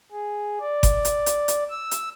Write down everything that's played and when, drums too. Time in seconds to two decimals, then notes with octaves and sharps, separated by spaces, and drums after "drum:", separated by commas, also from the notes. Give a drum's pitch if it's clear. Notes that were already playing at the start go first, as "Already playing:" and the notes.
0.12 G#4
0.61 D5
0.83 drum: kick G1, hi-hat
1.05 drum: hi-hat
1.26 drum: hi-hat
1.48 drum: hi-hat
1.70 E6
1.91 drum: hi-hat